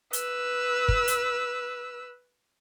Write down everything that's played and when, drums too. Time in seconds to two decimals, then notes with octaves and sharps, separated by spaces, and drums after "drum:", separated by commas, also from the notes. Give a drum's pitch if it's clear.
0.13 B4 E6, drum: hi-hat
0.88 drum: kick
1.08 drum: hi-hat